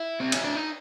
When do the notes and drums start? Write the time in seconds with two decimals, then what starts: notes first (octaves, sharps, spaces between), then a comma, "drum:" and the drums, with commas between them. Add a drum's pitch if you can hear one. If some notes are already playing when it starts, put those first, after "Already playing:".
Already playing: E4
0.20 C4
0.32 C#4, drum: cymbal
0.44 D4
0.56 D#4